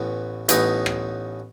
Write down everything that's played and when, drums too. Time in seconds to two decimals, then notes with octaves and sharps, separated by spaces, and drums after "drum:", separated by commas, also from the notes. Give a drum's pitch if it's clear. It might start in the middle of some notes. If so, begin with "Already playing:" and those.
Already playing: A1 A2 E3 B3
0.49 A1 A2 E3 B3 D#4, drum: hi-hat
0.86 drum: rim click